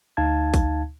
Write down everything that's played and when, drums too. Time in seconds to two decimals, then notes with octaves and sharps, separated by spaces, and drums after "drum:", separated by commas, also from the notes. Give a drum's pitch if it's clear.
0.17 D2 D#4 F5 A5 G#6
0.54 drum: kick, hi-hat